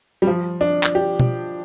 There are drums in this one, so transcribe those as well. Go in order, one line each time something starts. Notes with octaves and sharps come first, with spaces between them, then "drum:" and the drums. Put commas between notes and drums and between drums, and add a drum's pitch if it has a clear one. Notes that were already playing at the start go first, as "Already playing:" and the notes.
G3
F3
D4
drum: clap
G4
drum: tom B2